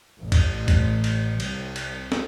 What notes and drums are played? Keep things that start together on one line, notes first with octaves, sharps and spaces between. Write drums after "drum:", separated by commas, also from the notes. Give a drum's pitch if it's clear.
A1
drum: kick B1, cymbal
drum: kick B1, cymbal
drum: cymbal
C2, drum: cymbal
drum: cymbal
drum: snare